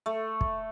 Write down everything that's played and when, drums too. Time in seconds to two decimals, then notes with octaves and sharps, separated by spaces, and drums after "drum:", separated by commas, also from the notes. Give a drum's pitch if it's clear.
0.06 A3
0.41 drum: kick